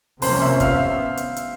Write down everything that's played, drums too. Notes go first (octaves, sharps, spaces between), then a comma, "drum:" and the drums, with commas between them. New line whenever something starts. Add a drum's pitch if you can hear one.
C3 F3 A#3 C#4 C5, drum: open hi-hat
E5
B3 F5, drum: kick, hi-hat
E5
drum: hi-hat
drum: hi-hat